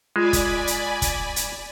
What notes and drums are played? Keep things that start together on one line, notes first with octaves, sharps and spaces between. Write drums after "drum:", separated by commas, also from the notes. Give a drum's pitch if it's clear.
G#3 F4 D5 G#5 B5
drum: kick, hi-hat
drum: hi-hat
drum: kick, hi-hat
drum: hi-hat